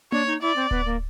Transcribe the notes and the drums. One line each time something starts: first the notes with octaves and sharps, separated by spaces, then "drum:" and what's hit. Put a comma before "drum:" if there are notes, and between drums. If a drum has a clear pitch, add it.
D4 C#5, drum: tom A#3
D#4
E4 D5
C4
B3, drum: kick D1
A#3